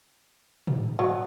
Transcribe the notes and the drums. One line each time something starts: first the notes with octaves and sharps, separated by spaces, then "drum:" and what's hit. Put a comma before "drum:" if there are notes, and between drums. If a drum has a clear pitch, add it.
drum: tom G#2
F#3